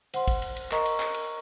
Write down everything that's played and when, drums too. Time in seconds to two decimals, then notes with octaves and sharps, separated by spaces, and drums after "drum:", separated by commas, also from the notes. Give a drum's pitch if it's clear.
0.14 C5 F#5 C6, drum: cymbal
0.28 drum: kick, cymbal
0.42 drum: cymbal
0.56 drum: cymbal
0.72 A#4 D#5 A#5 C#6, drum: clap
0.85 drum: cymbal
1.00 drum: clap
1.14 drum: cymbal